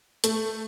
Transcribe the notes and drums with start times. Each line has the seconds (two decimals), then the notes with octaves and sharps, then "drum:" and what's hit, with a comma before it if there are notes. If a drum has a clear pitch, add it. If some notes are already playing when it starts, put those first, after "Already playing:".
0.24 A3, drum: hi-hat